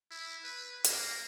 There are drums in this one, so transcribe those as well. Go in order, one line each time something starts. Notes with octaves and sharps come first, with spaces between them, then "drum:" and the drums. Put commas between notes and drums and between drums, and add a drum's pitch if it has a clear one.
E4
B4
A#3, drum: hi-hat